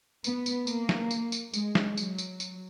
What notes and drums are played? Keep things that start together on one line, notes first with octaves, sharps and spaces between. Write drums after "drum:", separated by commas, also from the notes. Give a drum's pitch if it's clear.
B3, drum: tambourine
drum: tambourine
A#3, drum: tambourine
drum: snare
drum: tambourine
drum: tambourine
G#3, drum: tambourine
drum: snare
F#3, drum: tambourine
drum: tambourine
drum: tambourine